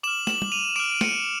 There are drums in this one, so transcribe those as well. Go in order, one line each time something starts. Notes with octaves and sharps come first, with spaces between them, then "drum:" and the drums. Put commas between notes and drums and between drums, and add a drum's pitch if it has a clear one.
D6 F6 E7 F#7
E7 F#7, drum: snare
drum: tom
D#7 F7
D6 F6 D7 E7
D7
C#7 D#7, drum: snare